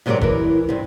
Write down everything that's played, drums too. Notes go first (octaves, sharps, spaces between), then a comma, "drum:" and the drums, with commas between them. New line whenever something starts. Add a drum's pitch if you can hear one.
G#2 C3 F#3 D#4 A#4 D5
E3 E4 A#4, drum: kick F#1
G2 C3